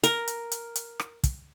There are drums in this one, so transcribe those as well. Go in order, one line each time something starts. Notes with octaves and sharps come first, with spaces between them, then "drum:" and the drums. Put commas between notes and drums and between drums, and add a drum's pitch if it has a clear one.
A#4, drum: hi-hat
drum: hi-hat
drum: hi-hat
drum: hi-hat
drum: rim click
drum: kick, hi-hat